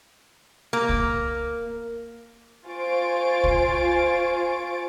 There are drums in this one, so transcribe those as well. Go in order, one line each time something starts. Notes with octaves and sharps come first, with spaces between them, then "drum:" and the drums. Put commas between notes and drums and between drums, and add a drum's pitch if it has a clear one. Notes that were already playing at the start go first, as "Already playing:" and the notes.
A#3
drum: kick
F4 C5 G#5 C#6 A6 D7
drum: kick